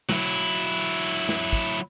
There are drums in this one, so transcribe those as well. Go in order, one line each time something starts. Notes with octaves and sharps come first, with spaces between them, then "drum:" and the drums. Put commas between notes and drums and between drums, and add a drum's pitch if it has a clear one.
F#3 E4, drum: snare
drum: tambourine
drum: snare
drum: kick